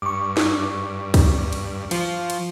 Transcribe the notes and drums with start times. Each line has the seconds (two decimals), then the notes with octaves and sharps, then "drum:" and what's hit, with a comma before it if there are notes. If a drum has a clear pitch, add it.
0.02 G2 C#6 D6
0.37 drum: snare
1.14 drum: kick, cymbal
1.53 drum: cymbal
1.91 F3 F4 C5, drum: cymbal
2.30 drum: cymbal